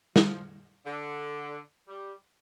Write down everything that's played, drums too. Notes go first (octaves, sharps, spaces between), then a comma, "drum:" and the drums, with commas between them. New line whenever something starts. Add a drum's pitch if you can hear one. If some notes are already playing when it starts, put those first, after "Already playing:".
F3, drum: snare
D3
G3